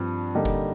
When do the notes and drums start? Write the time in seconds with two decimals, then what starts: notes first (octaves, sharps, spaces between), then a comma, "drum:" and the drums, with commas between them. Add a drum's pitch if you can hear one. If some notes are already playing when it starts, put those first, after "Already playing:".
Already playing: G2 F3 C4
0.35 D3 G3 A#3 D#4
0.45 drum: kick F1